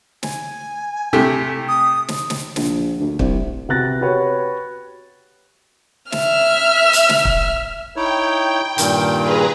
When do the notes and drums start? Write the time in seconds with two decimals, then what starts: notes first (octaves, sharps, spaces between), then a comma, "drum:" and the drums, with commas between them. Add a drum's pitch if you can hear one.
0.23 G#5, drum: snare
1.13 C3 A3 G4
1.68 D#6
2.08 drum: snare
2.30 drum: snare
2.56 A#1, drum: snare
3.00 D2
3.19 C2, drum: kick
3.69 C3 B3 F#4 F#6 A6 A#6
4.01 F#4 G4 B4 C#5
6.12 E5 F6, drum: snare
6.93 drum: hi-hat
7.09 drum: snare
7.25 drum: kick
7.96 D#4 E4 C#5 G5
8.78 G2 A#2 D#3, drum: hi-hat
9.22 G#4 B4 A#5